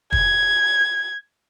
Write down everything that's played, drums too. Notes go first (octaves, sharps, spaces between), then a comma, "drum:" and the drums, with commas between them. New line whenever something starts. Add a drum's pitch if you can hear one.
G#6, drum: kick